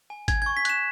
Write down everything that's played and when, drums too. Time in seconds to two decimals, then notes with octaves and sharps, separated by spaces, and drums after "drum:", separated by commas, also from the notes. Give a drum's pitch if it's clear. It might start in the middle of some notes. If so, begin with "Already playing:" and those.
0.10 G#5
0.28 G#5 G#6, drum: kick G#1, hi-hat
0.42 C#6 G#6
0.57 B6
0.65 F#6 E7, drum: hi-hat